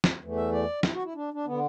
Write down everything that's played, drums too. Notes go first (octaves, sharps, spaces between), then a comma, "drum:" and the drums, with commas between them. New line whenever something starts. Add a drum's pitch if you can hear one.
drum: snare
E2 E3 A3
E5
D5
E4, drum: snare
F#4
E4
D4
D4
D3 B3